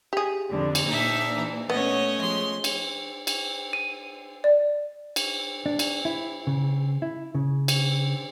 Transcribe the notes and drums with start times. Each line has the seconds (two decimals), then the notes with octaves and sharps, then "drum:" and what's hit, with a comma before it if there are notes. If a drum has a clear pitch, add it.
0.13 G4 G#4
0.51 F2 D3
0.75 drum: cymbal
0.86 A#2 A#3 D4 D#4 E5
1.35 E3
1.70 A3 B3 C#4 C#5 D#5
2.21 F3 G#3 C6
2.64 drum: cymbal
3.27 drum: cymbal
3.73 D#7
4.44 D5
5.16 drum: cymbal
5.66 D4
5.79 drum: cymbal
6.05 E4
6.47 C#3
7.02 E4
7.35 C#3
7.68 drum: cymbal